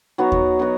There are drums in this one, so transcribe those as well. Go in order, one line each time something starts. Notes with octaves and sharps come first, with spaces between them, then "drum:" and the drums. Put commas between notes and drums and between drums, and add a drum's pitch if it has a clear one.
F#3 B3 D#4 F#4
drum: kick D#2
F#3 B3 D#4 F#4